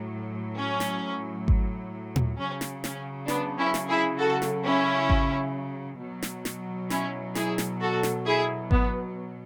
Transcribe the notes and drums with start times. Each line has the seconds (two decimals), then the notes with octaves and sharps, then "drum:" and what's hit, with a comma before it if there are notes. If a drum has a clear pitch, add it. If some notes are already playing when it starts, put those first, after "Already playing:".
Already playing: A2 F#3
0.57 C#4
0.80 drum: snare
1.48 drum: kick G#1
2.16 drum: tom A#2
2.38 C#3 F#3 C#4
2.61 drum: snare
2.84 C#4, drum: snare
3.28 B3 D4, drum: snare
3.58 C#4 E4
3.74 drum: snare
3.89 E4 G#4
4.18 F#4 A4
4.42 drum: snare
4.64 C#4 E4
5.09 drum: kick G#1
6.00 B2 F#3
6.22 drum: snare
6.45 drum: snare
6.90 C#4 E4, drum: snare
7.35 E4 G#4, drum: snare
7.58 drum: snare
7.81 F#4 A4
8.03 drum: snare
8.26 E4 G#4
8.71 B3, drum: kick G#1